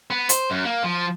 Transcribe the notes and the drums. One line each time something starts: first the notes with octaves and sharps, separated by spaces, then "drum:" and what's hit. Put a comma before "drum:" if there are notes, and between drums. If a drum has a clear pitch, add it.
B3
C5, drum: hi-hat
F#2
A#3
F3